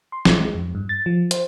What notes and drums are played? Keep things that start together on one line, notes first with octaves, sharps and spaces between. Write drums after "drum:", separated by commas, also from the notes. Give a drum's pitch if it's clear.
C6
A#1, drum: snare
G#3
F2
G2
A6
F3
C5, drum: hi-hat